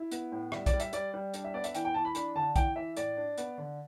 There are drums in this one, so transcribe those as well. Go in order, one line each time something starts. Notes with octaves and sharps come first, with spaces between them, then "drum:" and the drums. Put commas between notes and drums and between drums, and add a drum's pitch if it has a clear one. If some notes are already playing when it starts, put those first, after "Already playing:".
Already playing: E4
B3, drum: hi-hat
A2
G3 E5, drum: rim click
D5, drum: kick, hi-hat
G3
E5, drum: hi-hat
G3 D5, drum: hi-hat
G3
D4, drum: hi-hat
E5
B3 D5
E5, drum: hi-hat
E3 G5, drum: hi-hat
G5
E3 A5
B5
D4 B5, drum: hi-hat
D3 A5
E3 G5, drum: kick, hi-hat
E3 E5
A2 D5, drum: hi-hat
D4
B3, drum: hi-hat
D3